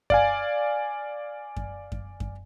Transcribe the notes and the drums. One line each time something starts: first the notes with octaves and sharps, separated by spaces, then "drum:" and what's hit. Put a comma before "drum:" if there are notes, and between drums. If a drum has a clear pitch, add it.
D5 F5 G#5, drum: kick F#2
drum: kick F#2
drum: kick F#2
drum: kick F#2